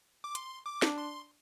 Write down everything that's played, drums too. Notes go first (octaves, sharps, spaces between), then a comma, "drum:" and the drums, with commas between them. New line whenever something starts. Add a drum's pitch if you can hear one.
D6
C6, drum: hi-hat
D6
D4, drum: snare
C6